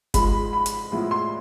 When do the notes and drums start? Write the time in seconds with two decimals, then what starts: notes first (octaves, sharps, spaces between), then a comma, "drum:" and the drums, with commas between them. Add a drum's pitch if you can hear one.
0.14 G#2 F3 G#3 B5, drum: kick F#1, hi-hat
0.53 B5
0.66 drum: hi-hat
0.92 A2 F3 G#3 B3 E4
1.11 C6